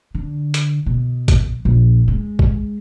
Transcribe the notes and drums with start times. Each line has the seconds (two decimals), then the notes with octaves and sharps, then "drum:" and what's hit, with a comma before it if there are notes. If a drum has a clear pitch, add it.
0.14 D3
0.54 drum: hi-hat
0.86 B2
1.28 drum: kick A1, hi-hat
1.65 A#1
2.08 G#3
2.39 drum: kick A1